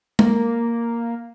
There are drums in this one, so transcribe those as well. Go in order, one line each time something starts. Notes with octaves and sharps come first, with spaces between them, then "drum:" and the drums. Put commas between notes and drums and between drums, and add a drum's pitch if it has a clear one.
A#3, drum: tom G#3